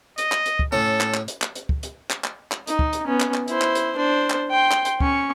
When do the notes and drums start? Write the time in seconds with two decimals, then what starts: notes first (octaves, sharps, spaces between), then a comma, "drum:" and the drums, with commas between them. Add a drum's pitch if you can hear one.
0.18 D#5, drum: hi-hat
0.32 drum: clap
0.46 drum: hi-hat
0.59 drum: kick C#2
0.72 A2 C#4 A4
1.01 drum: clap
1.14 drum: clap
1.28 drum: hi-hat
1.42 drum: clap
1.55 drum: hi-hat
1.69 drum: kick C#2
1.83 drum: hi-hat
2.10 drum: clap
2.24 drum: clap
2.52 drum: clap
2.67 D#4, drum: hi-hat
2.79 drum: kick C#2
2.93 drum: hi-hat
3.07 B3 C#4
3.20 drum: clap
3.34 drum: clap
3.48 E4 C5, drum: hi-hat
3.62 drum: clap
3.75 drum: hi-hat
3.96 D4 C5
4.30 drum: clap
4.50 G5 C6
4.71 drum: clap
4.85 drum: hi-hat
5.00 C#4 C#6, drum: kick C#2